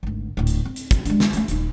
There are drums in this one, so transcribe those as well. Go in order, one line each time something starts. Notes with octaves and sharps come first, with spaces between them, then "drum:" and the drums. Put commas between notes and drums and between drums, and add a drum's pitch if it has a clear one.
G#1 D2
D1 A2
drum: hi-hat
C4
drum: hi-hat
drum: kick, hi-hat
G#3 D4, drum: hi-hat
drum: snare
A3 C#4, drum: hi-hat
D#1 D#4, drum: hi-hat